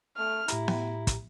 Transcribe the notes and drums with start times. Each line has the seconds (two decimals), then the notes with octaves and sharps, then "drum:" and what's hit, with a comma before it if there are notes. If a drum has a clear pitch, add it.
0.17 A3 F6
0.48 A2 E4 G4 A#5, drum: hi-hat
0.68 drum: snare B3
1.07 drum: kick, hi-hat